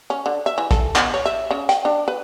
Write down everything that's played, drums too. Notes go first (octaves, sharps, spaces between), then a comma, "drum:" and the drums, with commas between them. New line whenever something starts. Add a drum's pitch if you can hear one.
C#4
D3
E5
E3
A4, drum: kick, hi-hat
B3, drum: clap
C#5
E5
C#3
G5, drum: hi-hat
D4
B4